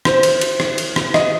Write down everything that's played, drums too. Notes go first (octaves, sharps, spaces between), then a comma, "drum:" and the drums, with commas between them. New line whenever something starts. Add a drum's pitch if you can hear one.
C5, drum: rim click
drum: cymbal
drum: cymbal
drum: rim click
drum: cymbal
drum: rim click
D#5, drum: rim click